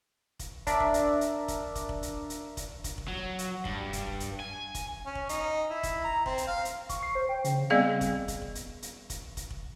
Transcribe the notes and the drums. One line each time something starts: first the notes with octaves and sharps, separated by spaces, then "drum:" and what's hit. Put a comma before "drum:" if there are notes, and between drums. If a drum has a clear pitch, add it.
drum: kick, hi-hat
D4 A#4 D5 E5, drum: kick, hi-hat
drum: kick
drum: hi-hat
drum: hi-hat
drum: kick, hi-hat
drum: kick, hi-hat
drum: kick
drum: hi-hat
drum: hi-hat
drum: kick, hi-hat
drum: kick, hi-hat
drum: kick
F#3
drum: hi-hat
G2, drum: kick
drum: kick, hi-hat
drum: kick
drum: hi-hat
G#5
drum: kick, hi-hat
C#4
drum: kick
D#4, drum: hi-hat
E4
drum: kick, hi-hat
A#5
C4, drum: kick
drum: hi-hat
F5
drum: hi-hat
C#6, drum: kick, hi-hat
C7
C5
G5
C#3, drum: hi-hat
G3 B3 C4 G#4 D5 F5
drum: kick, hi-hat
drum: kick, hi-hat
drum: kick
drum: hi-hat
drum: hi-hat
drum: kick, hi-hat
drum: kick, hi-hat
drum: kick